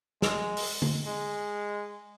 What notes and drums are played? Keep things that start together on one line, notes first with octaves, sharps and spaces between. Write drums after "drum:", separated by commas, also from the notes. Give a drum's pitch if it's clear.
G#3, drum: snare
drum: open hi-hat
drum: tom D3
G#3